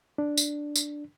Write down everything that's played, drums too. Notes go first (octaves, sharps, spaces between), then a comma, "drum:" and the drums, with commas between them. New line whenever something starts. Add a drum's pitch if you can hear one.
D4
drum: tambourine
drum: tambourine